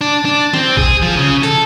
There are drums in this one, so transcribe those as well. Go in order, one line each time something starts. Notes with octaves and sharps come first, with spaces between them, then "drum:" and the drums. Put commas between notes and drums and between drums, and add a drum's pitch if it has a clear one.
D4
D4
C4, drum: snare
G#4, drum: kick A1
F3
C#3
A4, drum: hi-hat